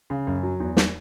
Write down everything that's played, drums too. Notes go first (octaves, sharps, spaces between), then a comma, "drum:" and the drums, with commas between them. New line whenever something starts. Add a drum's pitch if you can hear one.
C#3
F#2
F#3
E2
drum: snare